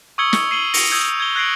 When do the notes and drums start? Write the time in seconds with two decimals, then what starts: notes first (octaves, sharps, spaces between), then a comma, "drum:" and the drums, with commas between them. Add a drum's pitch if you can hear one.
0.18 C#6 D#6 E6 G#6 C#7 G7
0.33 drum: snare
0.51 C7 D#7 F#7 G7
0.74 A#6 C#7 D7 F7, drum: open hi-hat
0.92 D#6 E6 G6 G#6
1.20 G#6 G7
1.35 F#6 G#6 A#6 C7 D7 F#7